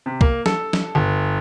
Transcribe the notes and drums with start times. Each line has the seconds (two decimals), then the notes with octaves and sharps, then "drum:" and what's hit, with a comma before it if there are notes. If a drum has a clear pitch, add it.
0.06 C3
0.21 A#3, drum: kick C2
0.46 A4, drum: snare
0.73 drum: snare
0.95 G1